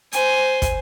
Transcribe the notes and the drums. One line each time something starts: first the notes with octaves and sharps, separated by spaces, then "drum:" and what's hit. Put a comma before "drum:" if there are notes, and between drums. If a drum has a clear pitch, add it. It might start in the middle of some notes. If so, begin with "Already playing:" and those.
C5 G#5, drum: hi-hat
drum: kick, hi-hat